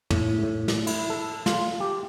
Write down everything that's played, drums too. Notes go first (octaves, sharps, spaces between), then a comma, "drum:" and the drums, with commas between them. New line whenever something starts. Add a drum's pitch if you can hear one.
A2, drum: tom
A2
drum: snare
E4, drum: cymbal
A4
F4, drum: snare
G4